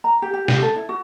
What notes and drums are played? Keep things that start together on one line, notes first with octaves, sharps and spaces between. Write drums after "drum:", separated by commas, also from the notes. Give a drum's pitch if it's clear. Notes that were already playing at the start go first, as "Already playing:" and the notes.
A#5
G4
G4
G4, drum: snare
A4
E4
F#4